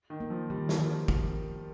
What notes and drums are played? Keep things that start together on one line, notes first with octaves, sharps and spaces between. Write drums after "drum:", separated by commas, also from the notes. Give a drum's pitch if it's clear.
D#3
A#3
F3
D#3 G3
drum: snare
D#3 F3
drum: kick